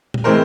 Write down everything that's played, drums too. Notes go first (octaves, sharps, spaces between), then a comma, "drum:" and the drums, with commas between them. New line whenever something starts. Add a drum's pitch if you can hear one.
drum: tom
A2 E3 G#3 C4 A#4 C5